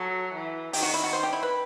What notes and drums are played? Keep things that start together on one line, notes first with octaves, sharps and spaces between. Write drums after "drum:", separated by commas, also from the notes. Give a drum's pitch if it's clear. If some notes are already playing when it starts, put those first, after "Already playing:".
Already playing: F#3 A4
E3
D#3 G4, drum: open hi-hat
F#4
E4
F#4
C5
G4
E4
B4